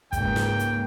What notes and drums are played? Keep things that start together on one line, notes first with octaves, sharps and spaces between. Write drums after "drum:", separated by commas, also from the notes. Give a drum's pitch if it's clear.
C#2 G#2 A#3 G5, drum: kick, hi-hat
drum: snare
drum: hi-hat